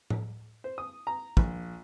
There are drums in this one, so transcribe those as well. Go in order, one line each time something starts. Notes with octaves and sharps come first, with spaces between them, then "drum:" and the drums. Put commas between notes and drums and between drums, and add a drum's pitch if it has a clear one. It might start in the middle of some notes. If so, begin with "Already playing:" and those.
drum: tom A2
C5
D#6
A#5
A#1, drum: kick